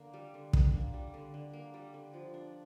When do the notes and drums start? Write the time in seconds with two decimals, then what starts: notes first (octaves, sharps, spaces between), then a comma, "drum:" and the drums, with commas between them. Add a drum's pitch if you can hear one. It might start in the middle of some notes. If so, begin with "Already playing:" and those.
Already playing: D3 A#3
0.13 G3
0.34 D3
0.53 D3, drum: kick
0.74 A#3
0.94 G3
1.14 D3
1.34 D3
1.53 A#3
1.74 G3
1.94 D3
2.13 F3
2.34 D4